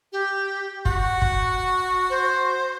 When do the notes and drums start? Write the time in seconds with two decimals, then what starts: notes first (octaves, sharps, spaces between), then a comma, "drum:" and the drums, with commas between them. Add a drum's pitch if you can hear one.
0.12 G4
0.85 F#4 F#5, drum: kick
1.22 drum: kick
2.10 C5